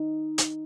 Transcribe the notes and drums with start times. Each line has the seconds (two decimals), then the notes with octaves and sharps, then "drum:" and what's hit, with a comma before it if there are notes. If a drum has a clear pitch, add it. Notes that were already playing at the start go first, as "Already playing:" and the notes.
Already playing: D#4
0.38 drum: hi-hat